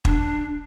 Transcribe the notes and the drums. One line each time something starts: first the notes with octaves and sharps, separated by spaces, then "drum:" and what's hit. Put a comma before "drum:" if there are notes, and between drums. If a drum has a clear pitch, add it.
D4, drum: kick